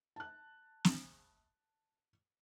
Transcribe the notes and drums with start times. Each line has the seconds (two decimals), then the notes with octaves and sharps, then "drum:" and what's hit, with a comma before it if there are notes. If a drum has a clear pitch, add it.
0.16 A5 F#6
0.85 drum: snare